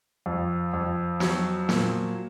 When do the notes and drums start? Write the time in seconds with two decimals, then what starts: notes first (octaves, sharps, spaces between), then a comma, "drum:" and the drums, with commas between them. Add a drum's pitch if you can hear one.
0.26 F2
0.73 F2
1.20 F#3, drum: snare
1.69 A#2, drum: snare